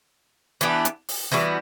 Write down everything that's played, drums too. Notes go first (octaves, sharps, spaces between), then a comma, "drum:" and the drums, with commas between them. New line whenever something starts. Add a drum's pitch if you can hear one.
E3 B3 D4 G4, drum: hi-hat
drum: hi-hat
drum: open hi-hat
E3 G3 B3 F#4